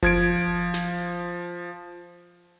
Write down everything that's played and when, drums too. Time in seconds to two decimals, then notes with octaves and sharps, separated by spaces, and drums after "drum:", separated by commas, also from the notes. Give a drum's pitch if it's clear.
0.03 F3 G#6 D7, drum: kick F#1
0.74 drum: snare